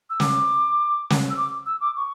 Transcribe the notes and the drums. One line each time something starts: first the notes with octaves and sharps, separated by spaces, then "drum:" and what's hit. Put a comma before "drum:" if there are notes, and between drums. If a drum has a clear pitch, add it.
E6
D6, drum: snare
drum: snare
E6
D6
E6
D6
C#6